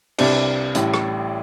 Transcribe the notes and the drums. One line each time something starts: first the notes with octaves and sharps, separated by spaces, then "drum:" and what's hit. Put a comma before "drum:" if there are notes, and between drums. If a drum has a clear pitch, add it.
C2 C3 G3 D4, drum: cymbal
A1 A2 G3, drum: hi-hat
drum: rim click